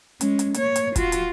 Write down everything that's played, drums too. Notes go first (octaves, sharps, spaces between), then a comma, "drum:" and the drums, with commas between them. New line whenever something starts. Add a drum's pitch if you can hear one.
G#3 C#4, drum: hi-hat
drum: hi-hat
A#3 C#5, drum: hi-hat
drum: hi-hat
F4 F#4, drum: kick, hi-hat
drum: hi-hat